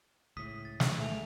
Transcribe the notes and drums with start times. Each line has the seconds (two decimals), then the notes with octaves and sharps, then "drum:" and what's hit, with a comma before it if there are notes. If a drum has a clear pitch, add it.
0.37 C#2 A2 D#6 B6
0.65 A6
0.80 drum: snare
1.00 A3 G#5 F7